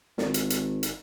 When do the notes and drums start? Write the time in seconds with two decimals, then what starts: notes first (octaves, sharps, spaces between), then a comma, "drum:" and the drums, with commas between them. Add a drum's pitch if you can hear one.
0.18 G#1, drum: snare
0.34 drum: hi-hat
0.50 drum: hi-hat
0.83 drum: hi-hat